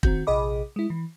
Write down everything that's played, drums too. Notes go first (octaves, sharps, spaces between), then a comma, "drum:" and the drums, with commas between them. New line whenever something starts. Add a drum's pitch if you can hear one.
D#3 C4 F#4 G6, drum: kick
A#1 C3 G#4 D#5 B5 D6
G#3 E4
E3